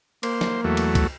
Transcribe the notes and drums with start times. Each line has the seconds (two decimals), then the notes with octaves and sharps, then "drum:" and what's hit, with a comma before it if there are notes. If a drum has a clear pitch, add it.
0.23 A#3 C5, drum: cymbal
0.41 drum: snare
0.64 E2 F#3 A3
0.77 drum: cymbal
0.95 drum: kick, cymbal